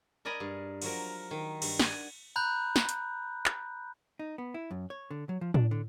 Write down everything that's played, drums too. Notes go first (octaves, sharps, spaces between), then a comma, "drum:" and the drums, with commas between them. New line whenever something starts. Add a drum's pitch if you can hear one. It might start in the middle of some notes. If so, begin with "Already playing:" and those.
A#4 D5 D#5 G#5 A#5 B5
G2
F3 F#3 A#4, drum: cymbal
D#3
G2, drum: cymbal
D5 F#5 G#5, drum: snare
A#5 B5 F#6 G6
drum: snare
drum: hi-hat
drum: clap
D#4
B3
E4
F#2
C#5
D3
F#3
F3
D4, drum: tom A2
D3